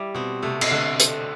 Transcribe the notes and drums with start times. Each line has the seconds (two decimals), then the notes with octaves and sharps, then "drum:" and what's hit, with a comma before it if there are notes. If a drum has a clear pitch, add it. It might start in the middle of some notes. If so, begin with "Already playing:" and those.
Already playing: G3 E4
0.14 B2 C4
0.42 C3 A3
0.61 C3, drum: cymbal
0.71 D3 A3
1.00 C4, drum: hi-hat